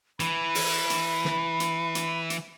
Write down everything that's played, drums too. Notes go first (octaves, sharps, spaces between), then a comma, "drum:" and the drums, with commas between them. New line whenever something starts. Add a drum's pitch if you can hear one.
E3 B5, drum: hi-hat
drum: open hi-hat
drum: hi-hat
drum: snare
drum: hi-hat
drum: hi-hat
drum: hi-hat